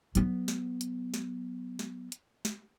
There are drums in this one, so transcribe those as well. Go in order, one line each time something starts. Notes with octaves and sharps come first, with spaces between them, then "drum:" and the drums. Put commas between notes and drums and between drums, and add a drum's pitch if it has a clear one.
F#3 B3, drum: hi-hat
drum: snare
drum: hi-hat
drum: snare
drum: snare
drum: hi-hat
drum: snare